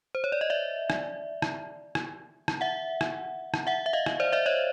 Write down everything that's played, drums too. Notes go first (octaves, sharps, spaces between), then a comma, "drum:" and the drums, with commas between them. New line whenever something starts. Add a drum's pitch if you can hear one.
C5
C#5
D5
D#5
D5 E5
drum: rim click
drum: rim click
drum: rim click
drum: rim click
E5 F#5
drum: rim click
drum: rim click
E5 F#5
E5
D#5 F5
drum: rim click
C5 D5
D5 E5
C#5 D#5